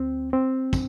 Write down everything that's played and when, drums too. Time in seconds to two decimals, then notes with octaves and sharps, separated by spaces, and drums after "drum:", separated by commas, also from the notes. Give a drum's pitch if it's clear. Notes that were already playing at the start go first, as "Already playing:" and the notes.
Already playing: D2 C4
0.33 C4
0.73 drum: kick, tambourine